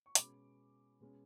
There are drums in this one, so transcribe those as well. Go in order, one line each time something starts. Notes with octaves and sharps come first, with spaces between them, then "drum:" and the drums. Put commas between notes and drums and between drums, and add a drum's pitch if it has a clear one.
C#6
B2 G#3 C#4 B5 D6, drum: hi-hat
B2 G#3 C#4